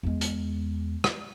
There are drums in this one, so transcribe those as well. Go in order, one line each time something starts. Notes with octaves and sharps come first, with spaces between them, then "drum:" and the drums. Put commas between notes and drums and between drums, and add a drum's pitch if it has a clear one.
E2 G#3
drum: hi-hat
drum: rim click